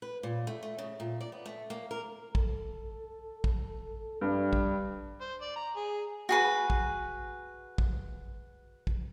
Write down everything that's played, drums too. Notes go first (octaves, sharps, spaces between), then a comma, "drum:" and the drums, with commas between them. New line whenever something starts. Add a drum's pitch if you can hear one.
B4
A#2
A3
A3
C#3
A#2
D5
B3
A3
A#3
A#4
A4, drum: kick
drum: kick
G2 G3
drum: kick
C5
D5
A#5
G#4
F#4 G#4 B4
drum: kick
drum: kick
drum: kick